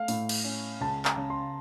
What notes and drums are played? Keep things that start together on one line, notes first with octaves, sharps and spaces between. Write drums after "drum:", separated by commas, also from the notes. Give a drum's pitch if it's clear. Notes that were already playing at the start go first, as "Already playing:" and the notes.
Already playing: A3 F5
A2, drum: open hi-hat
drum: cymbal
C#4
C#2 A5
A#5, drum: clap
C#3
C6